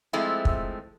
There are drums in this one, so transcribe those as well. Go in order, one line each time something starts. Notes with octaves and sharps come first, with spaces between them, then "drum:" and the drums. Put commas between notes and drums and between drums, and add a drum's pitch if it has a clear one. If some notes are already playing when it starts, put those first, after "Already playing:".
F3 G#3 A3 C4 E4
drum: kick